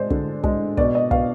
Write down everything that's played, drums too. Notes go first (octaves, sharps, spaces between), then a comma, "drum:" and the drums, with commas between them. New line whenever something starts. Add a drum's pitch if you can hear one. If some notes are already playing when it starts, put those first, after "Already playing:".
Already playing: G#3 C5 D5
D3, drum: kick
G#3, drum: kick
B2 D5, drum: kick
D#5
B2 F5, drum: kick